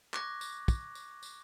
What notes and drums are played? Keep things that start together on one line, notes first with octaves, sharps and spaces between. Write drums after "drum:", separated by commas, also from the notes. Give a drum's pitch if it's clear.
C#6 D6 F#6 G#6 A#6, drum: clap
drum: tambourine
drum: kick, tambourine
drum: tambourine
drum: tambourine